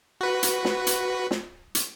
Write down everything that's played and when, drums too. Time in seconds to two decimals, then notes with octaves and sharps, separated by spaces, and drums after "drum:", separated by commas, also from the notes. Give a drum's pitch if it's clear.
0.21 F#4 B4
0.43 drum: hi-hat
0.65 drum: snare
0.87 drum: hi-hat
1.31 drum: snare
1.75 drum: hi-hat